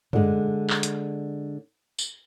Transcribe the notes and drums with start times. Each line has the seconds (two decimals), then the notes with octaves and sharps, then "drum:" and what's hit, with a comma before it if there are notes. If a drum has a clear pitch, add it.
0.13 D3 G#3, drum: tom F#2
0.70 drum: clap
0.83 drum: hi-hat
1.98 drum: tambourine